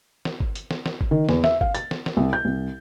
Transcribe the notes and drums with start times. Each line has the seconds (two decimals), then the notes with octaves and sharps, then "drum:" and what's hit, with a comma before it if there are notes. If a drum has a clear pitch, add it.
0.25 drum: snare
0.40 drum: kick G1
0.55 drum: hi-hat
0.71 drum: snare
0.86 drum: snare
1.01 drum: kick G1
1.11 D#3
1.29 E2, drum: snare
1.44 E5, drum: snare
1.61 F5, drum: kick G1
1.75 A6, drum: hi-hat
1.91 drum: snare
2.06 drum: snare
2.17 C2
2.33 G6
2.45 C2